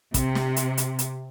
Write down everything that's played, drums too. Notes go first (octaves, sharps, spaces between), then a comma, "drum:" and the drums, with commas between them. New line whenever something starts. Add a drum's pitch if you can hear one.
C3, drum: kick, hi-hat
drum: snare
drum: hi-hat
drum: hi-hat
drum: hi-hat